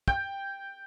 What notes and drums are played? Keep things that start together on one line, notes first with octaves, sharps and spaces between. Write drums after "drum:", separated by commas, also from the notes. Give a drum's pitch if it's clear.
G5, drum: kick